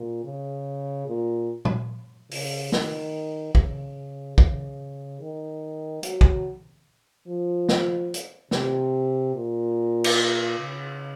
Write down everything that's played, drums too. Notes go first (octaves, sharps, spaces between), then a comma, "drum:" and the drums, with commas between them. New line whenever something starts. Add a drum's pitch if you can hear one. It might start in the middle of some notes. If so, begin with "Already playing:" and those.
Already playing: A#2
C#3
A#2
drum: tom
C#3, drum: open hi-hat
D#3, drum: snare
C#3, drum: kick
C#3, drum: kick
D#3
F#3, drum: hi-hat
drum: kick
F3
drum: snare
drum: hi-hat
C3, drum: snare
A#2
drum: cymbal
C#3